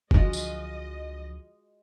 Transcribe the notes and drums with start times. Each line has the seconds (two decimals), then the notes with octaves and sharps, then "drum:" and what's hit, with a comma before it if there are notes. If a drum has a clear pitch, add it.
0.11 C#2 D3 F3 F#3 G#3 F4 F#4 D#5, drum: kick F#1
0.33 drum: tambourine